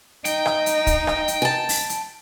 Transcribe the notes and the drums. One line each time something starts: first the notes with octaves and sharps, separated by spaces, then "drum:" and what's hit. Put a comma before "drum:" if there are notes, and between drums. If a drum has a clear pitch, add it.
D#4 G5, drum: hi-hat
drum: rim click
drum: hi-hat
drum: kick, hi-hat
drum: rim click
drum: hi-hat
G#5 A5
drum: open hi-hat
drum: hi-hat